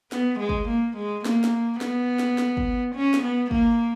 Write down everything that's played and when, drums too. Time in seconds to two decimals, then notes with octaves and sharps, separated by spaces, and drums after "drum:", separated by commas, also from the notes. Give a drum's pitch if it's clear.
0.12 B3, drum: snare
0.40 G#3
0.49 drum: kick
0.69 A#3
0.97 G#3
1.25 A#3, drum: snare
1.44 drum: snare
1.81 B3, drum: snare
2.19 drum: snare
2.38 drum: snare
2.57 drum: kick
2.95 C#4
3.14 drum: snare
3.23 B3
3.51 A#3, drum: kick